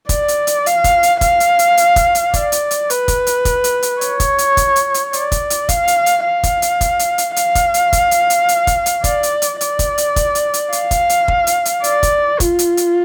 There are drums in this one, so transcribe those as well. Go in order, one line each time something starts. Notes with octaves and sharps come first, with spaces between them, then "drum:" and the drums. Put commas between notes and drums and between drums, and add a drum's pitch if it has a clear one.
D5, drum: kick, hi-hat
drum: hi-hat
drum: hi-hat
F5, drum: hi-hat
drum: kick, hi-hat
drum: hi-hat
F5, drum: kick, hi-hat
drum: hi-hat
drum: hi-hat
drum: hi-hat
drum: kick, hi-hat
drum: hi-hat
D5, drum: kick, hi-hat
drum: hi-hat
drum: hi-hat
B4, drum: hi-hat
drum: kick, hi-hat
drum: hi-hat
drum: kick, hi-hat
drum: hi-hat
drum: hi-hat
C#5, drum: hi-hat
drum: kick, hi-hat
drum: hi-hat
drum: kick, hi-hat
drum: hi-hat
drum: hi-hat
D5, drum: hi-hat
drum: kick, hi-hat
drum: hi-hat
F5, drum: kick, hi-hat
drum: hi-hat
drum: hi-hat
F5
drum: kick, hi-hat
drum: hi-hat
drum: kick, hi-hat
drum: hi-hat
drum: hi-hat
F5, drum: hi-hat
drum: kick, hi-hat
drum: hi-hat
drum: kick, hi-hat
drum: hi-hat
drum: hi-hat
drum: hi-hat
drum: kick, hi-hat
drum: hi-hat
D5, drum: kick, hi-hat
drum: hi-hat
drum: hi-hat
D5, drum: hi-hat
drum: kick, hi-hat
drum: hi-hat
drum: kick, hi-hat
drum: hi-hat
drum: hi-hat
F5, drum: hi-hat
drum: kick, hi-hat
drum: hi-hat
drum: kick
drum: hi-hat
drum: hi-hat
D5, drum: hi-hat
drum: kick, hi-hat
F4, drum: kick, hi-hat
drum: hi-hat
drum: hi-hat